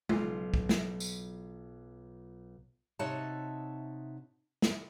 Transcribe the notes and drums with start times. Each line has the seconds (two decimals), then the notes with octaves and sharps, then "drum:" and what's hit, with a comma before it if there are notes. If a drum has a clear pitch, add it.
0.09 B1 F4, drum: tom G#3
0.54 drum: kick
0.69 drum: snare
1.00 drum: tambourine
2.99 C3 D#4 F#4 C#5 E5 A5
4.62 drum: snare